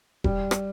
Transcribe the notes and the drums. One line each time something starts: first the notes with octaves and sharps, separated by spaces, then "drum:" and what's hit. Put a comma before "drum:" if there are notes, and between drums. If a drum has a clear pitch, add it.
G3, drum: kick E1
drum: rim click